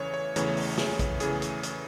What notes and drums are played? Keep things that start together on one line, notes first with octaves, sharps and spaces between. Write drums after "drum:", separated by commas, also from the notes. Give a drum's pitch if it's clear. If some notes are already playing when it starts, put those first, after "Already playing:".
Already playing: E2 C#3 E3 A3 C#5
C#5
E2 C#3 E3 A3 C#5, drum: hi-hat
drum: open hi-hat
G#4, drum: snare
drum: kick, hi-hat
E2 C#3 E3 A3 G#4, drum: hi-hat
drum: hi-hat
drum: hi-hat